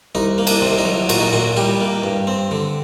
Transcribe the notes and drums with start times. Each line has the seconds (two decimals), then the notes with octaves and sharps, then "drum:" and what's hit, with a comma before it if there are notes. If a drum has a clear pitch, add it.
0.15 C2 D#4
0.38 A#3
0.47 D4, drum: cymbal
0.62 C3
0.78 D#4
0.85 F#3
1.09 A#2 F#4, drum: cymbal
1.20 D#4
1.32 A#2 F#4
1.57 G3 G4
1.81 A#3
2.03 G2
2.27 C4
2.51 D3